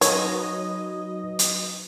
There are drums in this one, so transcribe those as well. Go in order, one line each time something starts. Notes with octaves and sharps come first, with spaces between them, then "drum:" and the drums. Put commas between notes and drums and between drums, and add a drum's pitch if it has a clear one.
F#3 D#4 B4 C#5 D#5, drum: hi-hat
drum: hi-hat